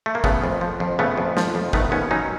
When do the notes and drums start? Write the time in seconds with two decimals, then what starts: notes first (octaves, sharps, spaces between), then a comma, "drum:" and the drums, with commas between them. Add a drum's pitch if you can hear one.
0.06 A3
0.15 A#3
0.24 C#3 A3 B3, drum: kick
0.44 F2
0.61 F3
0.80 F2
0.99 C#3 A3 B3
1.17 F2
1.37 F3, drum: snare
1.55 F2
1.73 D#3 A3 B3, drum: kick
1.92 D#2 B3 C#4
2.11 F#3 C#4 D#4